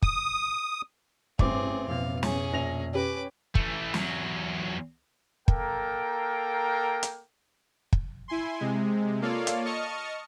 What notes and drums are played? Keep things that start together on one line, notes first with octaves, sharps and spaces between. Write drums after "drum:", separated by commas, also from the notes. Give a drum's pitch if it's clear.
D#6, drum: kick
A1 G2 C4 G#4 D6, drum: kick
F2 B2 F5
C#4 G#4, drum: snare
A#1 A#6 F7
C#4 G4 B4 D6
E3 A3, drum: kick
E2 F#3, drum: snare
A#3 A4 A#4 G5, drum: kick
drum: hi-hat
drum: kick
E4 G#5 C6
C3 G#3
A#3 F4 A4 C#5 D5 F5
drum: hi-hat
D#5 A5 C#6 D#6 F6 C#7